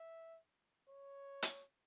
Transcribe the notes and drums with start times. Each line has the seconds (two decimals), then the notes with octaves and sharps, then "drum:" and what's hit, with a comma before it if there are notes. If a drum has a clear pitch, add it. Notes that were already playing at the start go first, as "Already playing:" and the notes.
Already playing: E5
0.89 C#5
1.43 drum: hi-hat